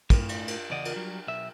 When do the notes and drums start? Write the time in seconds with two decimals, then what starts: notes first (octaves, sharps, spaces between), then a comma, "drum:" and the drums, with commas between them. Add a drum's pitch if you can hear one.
0.10 A2, drum: kick, cymbal
0.29 drum: cymbal
0.48 drum: cymbal
0.70 E2 C#3 D5 D#5 F#5
0.85 drum: cymbal
0.96 F#3 G3
1.27 B1 E5